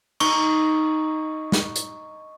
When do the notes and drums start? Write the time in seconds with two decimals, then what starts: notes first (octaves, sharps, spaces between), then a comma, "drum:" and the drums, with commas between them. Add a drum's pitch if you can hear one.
0.20 D#4 C#6, drum: cymbal
1.52 drum: snare
1.76 drum: hi-hat